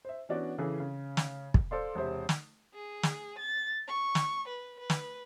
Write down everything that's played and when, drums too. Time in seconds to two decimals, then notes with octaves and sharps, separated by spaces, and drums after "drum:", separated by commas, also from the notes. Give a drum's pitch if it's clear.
0.05 C5 E5
0.29 E3 B3 C#4 D4 F#4 D5
0.58 C#3 E3 G#4 A4
0.80 C#3
1.17 drum: snare
1.54 drum: kick
1.71 A4 C5 D5 F5 C6
1.95 E1 C3 C5 E5
2.29 drum: snare
2.74 G#4
3.03 drum: snare
3.38 A6
3.88 C#6
4.15 drum: snare
4.48 B4
4.80 B4
4.90 drum: snare